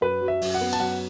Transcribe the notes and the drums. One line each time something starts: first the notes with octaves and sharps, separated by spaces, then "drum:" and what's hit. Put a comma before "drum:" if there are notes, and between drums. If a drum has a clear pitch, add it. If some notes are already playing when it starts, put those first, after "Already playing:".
F#2 B4
F#3
E5
F#2, drum: open hi-hat
F#5
B3
A5, drum: cymbal
F#2 F#5